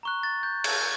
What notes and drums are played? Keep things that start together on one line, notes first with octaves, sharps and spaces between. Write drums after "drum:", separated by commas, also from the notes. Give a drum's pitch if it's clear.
A#5 C#6 F#6
A6
G6
G#6, drum: cymbal